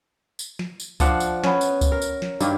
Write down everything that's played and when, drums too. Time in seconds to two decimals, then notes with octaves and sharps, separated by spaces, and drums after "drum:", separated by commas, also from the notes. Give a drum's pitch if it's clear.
0.39 drum: tambourine
0.59 drum: snare
0.80 drum: tambourine
1.00 F3 D4 D5 F#5, drum: kick C#2, tambourine
1.20 drum: tambourine
1.44 B3 C#4, drum: snare
1.61 drum: tambourine
1.81 drum: kick C#2, tambourine
1.92 A#4
2.02 drum: tambourine
2.22 drum: snare
2.40 G2 D#3 A#3 G4, drum: tambourine